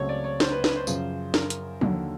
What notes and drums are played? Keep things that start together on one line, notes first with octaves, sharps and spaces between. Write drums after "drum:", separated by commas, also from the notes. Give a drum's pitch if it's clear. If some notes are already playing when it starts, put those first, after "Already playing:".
Already playing: C#2 C#3 F#3 A3 C4 C#5
D5
C#5
C5, drum: snare
B4
B4, drum: snare
C5
F#2 C#3 F3, drum: tambourine
A#4, drum: snare
drum: hi-hat
D#2 D3 F#3, drum: tom F3